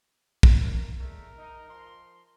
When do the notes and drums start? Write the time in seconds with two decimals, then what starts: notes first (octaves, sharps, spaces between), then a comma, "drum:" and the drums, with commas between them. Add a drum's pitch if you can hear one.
0.43 drum: kick
0.59 A#4
0.98 A#2 G#3 A3 A#4
1.37 D#4
1.69 F3 C6